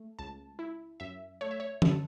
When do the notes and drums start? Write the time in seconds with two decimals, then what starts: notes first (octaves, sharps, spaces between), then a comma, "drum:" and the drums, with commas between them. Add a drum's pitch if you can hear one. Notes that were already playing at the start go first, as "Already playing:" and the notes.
Already playing: A3
0.19 C#2 A5
0.59 E4
1.00 F#2 E5
1.41 A3 C#5
1.51 E5
1.60 C#5
1.82 F#2 A4, drum: tom